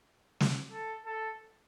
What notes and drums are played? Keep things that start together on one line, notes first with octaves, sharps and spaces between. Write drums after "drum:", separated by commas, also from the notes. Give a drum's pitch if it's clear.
drum: snare
A4
A4